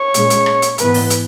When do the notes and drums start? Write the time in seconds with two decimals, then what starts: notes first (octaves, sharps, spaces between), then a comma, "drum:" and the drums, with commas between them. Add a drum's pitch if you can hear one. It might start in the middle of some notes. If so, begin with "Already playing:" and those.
Already playing: C#5
0.14 A#2 G#3 C#4, drum: hi-hat
0.30 drum: hi-hat
0.46 drum: rim click
0.62 drum: hi-hat
0.78 G#2 E3 B3 B4, drum: hi-hat
0.94 drum: open hi-hat
1.10 drum: hi-hat